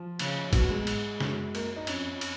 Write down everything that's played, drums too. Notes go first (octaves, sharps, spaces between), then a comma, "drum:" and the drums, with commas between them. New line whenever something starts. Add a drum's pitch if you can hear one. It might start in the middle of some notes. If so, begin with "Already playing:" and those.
Already playing: F3
C#3, drum: cymbal
B2 F#3, drum: kick G1, cymbal
G#3
G#2, drum: cymbal
F#2, drum: snare
A#3, drum: cymbal
D#4
F2 C#4, drum: cymbal
drum: cymbal